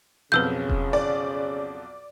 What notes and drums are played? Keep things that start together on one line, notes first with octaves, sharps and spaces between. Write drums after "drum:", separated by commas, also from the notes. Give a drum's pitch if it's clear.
B1 F2 C#3 B4 E6 F6 G6
drum: kick E1
D5